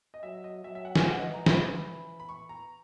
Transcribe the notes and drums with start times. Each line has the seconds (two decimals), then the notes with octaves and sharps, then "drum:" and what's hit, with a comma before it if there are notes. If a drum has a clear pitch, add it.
0.14 D#5
0.23 F#3 E5
0.44 D#5
0.64 F#3 E5
0.75 E5
0.85 F#5
0.96 G#5, drum: snare
1.05 E3 F#5
1.19 D#5
1.34 A#5
1.46 B5, drum: snare
2.20 B5
2.29 C#6
2.49 A#5